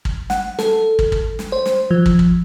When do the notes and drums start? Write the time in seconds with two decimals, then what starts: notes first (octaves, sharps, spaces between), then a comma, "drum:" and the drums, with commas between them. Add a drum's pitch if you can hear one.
0.05 drum: kick
0.30 F#5, drum: snare
0.59 A4, drum: snare
0.99 drum: kick
1.12 drum: kick
1.39 drum: snare
1.52 C5
1.66 drum: snare
1.91 F3
2.06 drum: kick
2.19 drum: kick